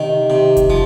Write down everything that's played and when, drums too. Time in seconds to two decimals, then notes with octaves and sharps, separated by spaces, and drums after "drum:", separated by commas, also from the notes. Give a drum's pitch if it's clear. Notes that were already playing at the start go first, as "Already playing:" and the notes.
Already playing: C3 D#3
0.30 C3
0.57 drum: kick F1, hi-hat
0.70 F3